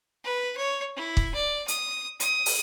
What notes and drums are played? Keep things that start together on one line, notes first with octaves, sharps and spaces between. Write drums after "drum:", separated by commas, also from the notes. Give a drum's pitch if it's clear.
B4
C#5
E4
drum: kick
D5
D#6, drum: hi-hat
D#6, drum: hi-hat
drum: open hi-hat